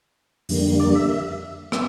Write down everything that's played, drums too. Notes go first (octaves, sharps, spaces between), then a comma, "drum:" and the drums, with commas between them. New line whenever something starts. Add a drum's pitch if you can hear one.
F2 D3 G3 A#3, drum: open hi-hat
D5
E5
E5, drum: rim click